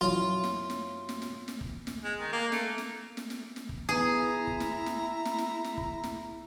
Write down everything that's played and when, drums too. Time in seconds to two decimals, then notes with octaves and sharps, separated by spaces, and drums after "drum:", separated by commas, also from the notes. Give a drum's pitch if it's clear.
0.01 F#2 E4 F4 C#5
0.44 drum: snare
0.70 drum: snare
1.09 drum: snare
1.22 drum: snare
1.48 drum: snare
1.61 drum: kick
1.87 drum: snare
2.04 G#3
2.20 D#3
2.32 A#3
2.52 A3, drum: snare
2.78 drum: snare
3.17 drum: snare
3.30 drum: snare
3.56 drum: snare
3.69 drum: kick
3.89 B3 E4 G#4 B4 E5 A#5
4.47 drum: kick
4.60 drum: snare
4.86 drum: snare
5.25 drum: snare
5.38 drum: snare
5.64 drum: snare
5.77 drum: kick
6.04 drum: snare